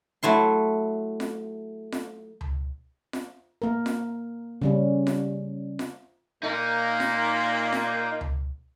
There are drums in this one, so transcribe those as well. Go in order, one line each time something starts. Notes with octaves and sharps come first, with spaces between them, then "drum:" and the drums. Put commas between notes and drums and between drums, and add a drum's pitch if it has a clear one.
F#3 A3 E4 C6
drum: snare F4
drum: snare F4
drum: tom C#2
drum: snare F4
A#3 A#4
drum: snare F4
C#3 G3 C#4
drum: snare F4
drum: snare F4
A#2 A#3 D#4
drum: snare F4
drum: snare F4
drum: tom C#2